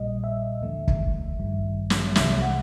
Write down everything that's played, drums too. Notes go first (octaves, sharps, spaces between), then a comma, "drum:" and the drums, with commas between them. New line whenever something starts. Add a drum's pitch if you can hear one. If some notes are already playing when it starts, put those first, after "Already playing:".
Already playing: A#1 A#2 G3 D#5
E5
D#2 D3 F3 A3
drum: kick
A1 G2 D#3 G3
drum: snare
C2 C3 E3 G3 E5, drum: snare
F#5